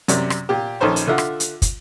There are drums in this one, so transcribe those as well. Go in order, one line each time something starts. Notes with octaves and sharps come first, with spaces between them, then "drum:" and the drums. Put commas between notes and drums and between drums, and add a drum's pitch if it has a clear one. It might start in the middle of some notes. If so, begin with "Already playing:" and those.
F#2 C3 D5, drum: hi-hat
drum: rim click
A#2 G4
A#1 D#3 C#4 A4 C5 C#5
drum: hi-hat
D3 F4 E5 F#5
drum: rim click
drum: hi-hat
drum: kick, hi-hat